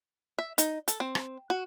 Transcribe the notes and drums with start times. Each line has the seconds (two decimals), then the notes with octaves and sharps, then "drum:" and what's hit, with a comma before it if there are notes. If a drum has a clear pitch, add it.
0.39 E5
0.58 D#4, drum: hi-hat
0.88 A4, drum: hi-hat
1.00 C4
1.15 drum: rim click
1.50 F#4